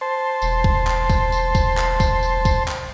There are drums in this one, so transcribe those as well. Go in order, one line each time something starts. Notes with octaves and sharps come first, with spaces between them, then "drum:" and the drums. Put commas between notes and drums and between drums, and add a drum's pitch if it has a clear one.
C5 A5 C6
E1, drum: tambourine
drum: kick
drum: clap
drum: kick, tambourine
drum: tambourine
drum: kick, tambourine
drum: clap
drum: kick, tambourine
drum: tambourine
drum: kick, tambourine
drum: clap